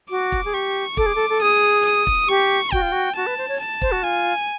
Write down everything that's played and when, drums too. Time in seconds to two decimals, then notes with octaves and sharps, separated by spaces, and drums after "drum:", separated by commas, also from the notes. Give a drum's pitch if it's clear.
0.10 F#4 D6
0.32 drum: kick
0.45 G#4
0.54 G4 C#6
0.97 A4 D6, drum: kick
1.06 G#4
1.15 A4
1.29 A4
1.41 G#4 D#6
1.85 D#6
2.07 drum: kick
2.28 G4 C#6
2.72 F#4 G5, drum: kick
2.82 F4
2.92 F#4
3.15 F#4 A5
3.26 B4
3.38 C5
3.48 C#5
3.60 A5
3.82 C5, drum: kick
3.92 F#4
4.03 F4 G#5